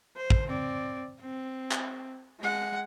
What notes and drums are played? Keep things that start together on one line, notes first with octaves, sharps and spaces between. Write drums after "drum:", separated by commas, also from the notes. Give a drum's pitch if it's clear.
C5
drum: kick
C4 D5
C4
drum: clap
G#3 F#5